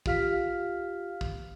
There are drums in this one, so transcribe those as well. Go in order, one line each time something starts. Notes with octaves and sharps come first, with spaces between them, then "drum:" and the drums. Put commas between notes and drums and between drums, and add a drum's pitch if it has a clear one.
F4 G4 F5 F6 B6, drum: kick
drum: kick